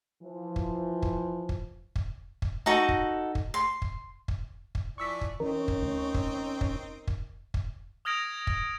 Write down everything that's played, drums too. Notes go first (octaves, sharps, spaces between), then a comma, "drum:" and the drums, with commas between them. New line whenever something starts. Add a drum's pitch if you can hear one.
E3 F3
drum: kick
drum: kick
drum: kick
drum: kick
drum: kick
D#4 F#4 A4
drum: kick
drum: kick
C6
drum: kick
drum: kick
drum: kick
E3 F3 D5 C#6 E6 B6
drum: kick
E3 C4 C#4 D#4 A#4
drum: kick
D2
drum: kick
drum: kick
drum: kick
drum: kick
D#6 F6 G#6 A#6 D7 F7
drum: kick